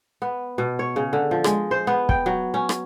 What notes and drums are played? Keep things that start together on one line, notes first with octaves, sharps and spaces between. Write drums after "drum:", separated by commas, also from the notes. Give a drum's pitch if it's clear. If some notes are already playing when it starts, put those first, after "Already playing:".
B3
B2
C#5
C#3
D3
F3
G#3, drum: rim click
C5
B3
G5, drum: kick
F#3
C#4
drum: rim click